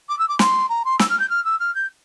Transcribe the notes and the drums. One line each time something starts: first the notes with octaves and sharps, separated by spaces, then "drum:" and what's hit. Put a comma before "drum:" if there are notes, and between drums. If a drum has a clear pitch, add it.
D6
E6
D6
C6, drum: snare
A#5
C6
E6, drum: snare
F6
G6
F6
E6
F6
G6